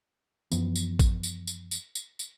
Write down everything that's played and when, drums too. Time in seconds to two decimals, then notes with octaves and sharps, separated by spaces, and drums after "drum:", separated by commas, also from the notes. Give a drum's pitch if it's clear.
0.52 F#2 E3 F3 B3, drum: tambourine
0.75 drum: tambourine
0.99 drum: kick, tambourine
1.23 drum: tambourine
1.47 drum: tambourine
1.71 drum: tambourine
1.95 drum: tambourine
2.19 drum: tambourine